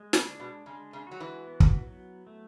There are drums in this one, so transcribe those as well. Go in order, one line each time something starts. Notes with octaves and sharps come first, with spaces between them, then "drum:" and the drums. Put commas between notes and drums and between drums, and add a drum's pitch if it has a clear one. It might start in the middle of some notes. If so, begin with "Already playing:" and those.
Already playing: G#3
C#3, drum: snare
D4
B2
C#3 G#3
C#3
F#3 F#4
E3
B3
drum: kick
F#3
A3